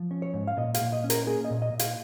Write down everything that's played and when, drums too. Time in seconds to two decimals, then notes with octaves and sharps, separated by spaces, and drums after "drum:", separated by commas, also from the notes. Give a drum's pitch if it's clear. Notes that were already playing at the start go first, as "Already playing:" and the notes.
Already playing: F3
0.11 C#4
0.22 C#5
0.34 G#2
0.47 F5
0.57 A#2 D#5
0.74 F5, drum: hi-hat
0.81 A#2
0.92 D#5
1.04 C#4
1.10 A#4, drum: hi-hat
1.27 A#3 G#4
1.45 D#5
1.50 A#2
1.62 D#5
1.73 A#2
1.79 F5, drum: hi-hat